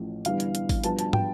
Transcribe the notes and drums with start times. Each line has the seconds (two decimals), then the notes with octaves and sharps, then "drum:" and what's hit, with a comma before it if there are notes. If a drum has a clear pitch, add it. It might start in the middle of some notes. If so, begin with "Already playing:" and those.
Already playing: A1 A2 F3
0.25 G1 G2 E3 G3 B3 F5, drum: hi-hat
0.40 drum: hi-hat
0.55 drum: hi-hat
0.69 drum: kick, open hi-hat
0.84 G2 F3 B3 A5, drum: hi-hat
0.99 A5, drum: hi-hat
1.13 G5, drum: tom